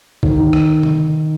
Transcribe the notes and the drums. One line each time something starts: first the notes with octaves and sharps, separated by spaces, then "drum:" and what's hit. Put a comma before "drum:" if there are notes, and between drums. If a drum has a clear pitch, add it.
D#3, drum: kick
drum: rim click
drum: tom